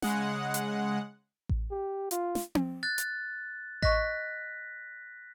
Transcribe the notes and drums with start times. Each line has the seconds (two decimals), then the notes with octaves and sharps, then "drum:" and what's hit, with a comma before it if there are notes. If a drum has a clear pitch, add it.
0.02 C#3 G#3 F#5, drum: snare
0.54 drum: hi-hat
1.49 drum: kick A1
1.71 G4
2.11 F4, drum: hi-hat
2.35 drum: snare
2.55 drum: tom C4
2.83 F#6 A6
2.98 drum: hi-hat
3.82 D#5 C#6 F#6 A#6 B6, drum: kick A1